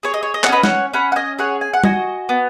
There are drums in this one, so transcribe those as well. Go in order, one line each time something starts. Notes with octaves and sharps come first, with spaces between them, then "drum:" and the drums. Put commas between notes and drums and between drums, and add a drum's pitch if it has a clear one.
G#4 C#5
D#5
C#5
D#5
F#5, drum: clap
C#4 B4 D#5
C#5 F#5, drum: snare
C#4 F#5 B5
F#5
D#5 G#5
G#4 C#5 F#5
G#5
F#5
F#4 D#5 G#5, drum: tom G3
B3